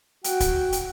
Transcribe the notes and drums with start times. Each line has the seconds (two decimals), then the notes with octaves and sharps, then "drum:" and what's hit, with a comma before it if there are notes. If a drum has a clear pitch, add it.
0.24 F#4 G5, drum: hi-hat
0.40 drum: kick, hi-hat
0.72 drum: hi-hat